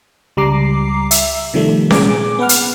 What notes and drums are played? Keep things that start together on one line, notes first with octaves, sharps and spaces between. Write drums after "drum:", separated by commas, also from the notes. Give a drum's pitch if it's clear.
C#2 G3 A#5 D6 C7
E5, drum: hi-hat
C3 D#3 F3 G3 A3
A#2 G#4 G#5 D6, drum: snare C#4
B3 B4 F#5 F6
drum: hi-hat